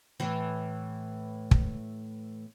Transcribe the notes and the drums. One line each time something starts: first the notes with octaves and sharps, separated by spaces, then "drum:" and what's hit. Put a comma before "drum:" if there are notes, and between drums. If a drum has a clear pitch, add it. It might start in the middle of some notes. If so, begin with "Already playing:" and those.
A2 E3
drum: kick